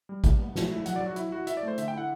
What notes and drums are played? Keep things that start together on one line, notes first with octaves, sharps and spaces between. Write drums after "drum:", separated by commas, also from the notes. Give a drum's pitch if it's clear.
G3
G3, drum: kick, hi-hat
B3
A3, drum: snare
E4
F#3 F#5, drum: hi-hat
D5
F#3
F#4
E4, drum: hi-hat
E4 F#4
E4 E5, drum: hi-hat
D5
A3
C5
D3 E5, drum: hi-hat
G5
E4 F#5